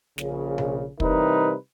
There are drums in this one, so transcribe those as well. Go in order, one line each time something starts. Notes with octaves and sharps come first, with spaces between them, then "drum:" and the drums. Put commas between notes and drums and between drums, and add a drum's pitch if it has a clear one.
A#1 C#3, drum: snare
drum: tom B2
C3 E3 G3 D#4 A#4 B4, drum: kick